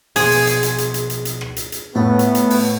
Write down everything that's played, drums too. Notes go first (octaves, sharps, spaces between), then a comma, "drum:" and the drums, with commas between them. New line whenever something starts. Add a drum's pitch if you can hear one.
A#1 B2 G#4 C6, drum: open hi-hat
drum: open hi-hat
drum: hi-hat
drum: hi-hat
drum: hi-hat
drum: hi-hat
drum: hi-hat
drum: hi-hat
drum: rim click
drum: hi-hat
drum: hi-hat
A2 A3 B3
drum: hi-hat
drum: hi-hat
drum: open hi-hat